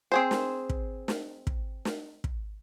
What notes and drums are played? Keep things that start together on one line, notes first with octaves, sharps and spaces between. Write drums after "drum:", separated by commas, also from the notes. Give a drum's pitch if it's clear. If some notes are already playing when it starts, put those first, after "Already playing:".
C4 G#4 C5
drum: snare
drum: kick
drum: snare
drum: kick
drum: snare
drum: kick